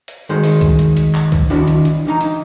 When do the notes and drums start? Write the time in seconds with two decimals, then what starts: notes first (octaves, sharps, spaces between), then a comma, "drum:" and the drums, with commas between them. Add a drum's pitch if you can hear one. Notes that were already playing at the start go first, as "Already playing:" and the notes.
0.08 drum: hi-hat
0.29 D#3 G#3 F#4 C5
0.44 drum: open hi-hat
0.61 drum: kick C2, hi-hat
0.79 drum: hi-hat
0.97 drum: hi-hat
1.14 drum: clap
1.32 drum: kick C2, hi-hat
1.50 D#3 F3 D4 E4 F#4
1.67 drum: hi-hat
1.85 drum: hi-hat
2.07 E3 D#4 A#5
2.21 drum: hi-hat